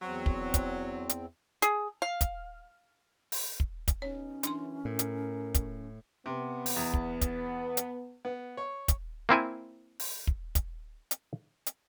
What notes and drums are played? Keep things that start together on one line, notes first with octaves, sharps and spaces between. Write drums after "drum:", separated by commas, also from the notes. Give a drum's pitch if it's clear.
E2 F#3 C4
drum: kick
drum: kick, hi-hat
drum: hi-hat
G#4, drum: hi-hat
F5
drum: kick, hi-hat
drum: open hi-hat
drum: kick
drum: kick, hi-hat
B2 C#4 D#4 C#5
C#2 F#2 E3 D4 C6, drum: hi-hat
A2 A#4
drum: hi-hat
drum: kick, hi-hat
C3 B3
drum: open hi-hat
E2 A#5
drum: kick
drum: kick, hi-hat
drum: hi-hat
B3
C#5
drum: kick, hi-hat
A#3 C4 E4 G#5
drum: open hi-hat
drum: kick
drum: kick, hi-hat
drum: hi-hat
drum: hi-hat